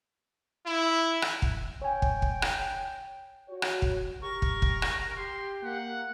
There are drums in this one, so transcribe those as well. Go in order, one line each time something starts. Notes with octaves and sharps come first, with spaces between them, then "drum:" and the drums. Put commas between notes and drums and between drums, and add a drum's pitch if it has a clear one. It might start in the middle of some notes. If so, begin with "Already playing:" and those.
E4
drum: rim click
drum: kick
C#5 G5 G#5
drum: kick
drum: kick
drum: rim click
F#4 C#5
drum: rim click
drum: kick
G4 A#4 C#6
drum: kick
drum: kick
drum: rim click
G4 C6
A#3 F#5